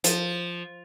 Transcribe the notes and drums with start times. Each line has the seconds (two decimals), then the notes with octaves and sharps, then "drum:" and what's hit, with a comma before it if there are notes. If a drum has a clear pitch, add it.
0.04 F3, drum: hi-hat